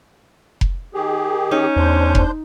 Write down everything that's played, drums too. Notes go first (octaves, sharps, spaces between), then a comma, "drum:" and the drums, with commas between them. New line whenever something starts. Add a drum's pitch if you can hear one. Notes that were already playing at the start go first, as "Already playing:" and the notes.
drum: kick F1
D#3 G4 G#4
C#4 D#4
E2 D4 C5 G6
drum: kick F1